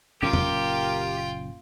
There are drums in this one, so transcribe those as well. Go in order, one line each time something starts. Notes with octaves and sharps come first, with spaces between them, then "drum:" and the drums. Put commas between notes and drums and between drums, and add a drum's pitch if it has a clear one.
F#1 A#2 C#4 F4 G4 A#4 G5
drum: tom E2